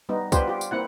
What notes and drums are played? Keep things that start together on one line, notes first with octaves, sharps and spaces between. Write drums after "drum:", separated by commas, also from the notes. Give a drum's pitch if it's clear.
G3 B3 D#4
B3 D4 F4 G4 B4 C5, drum: kick C2, tambourine
F4 G4
drum: tambourine
A#3 C4 E4 F#5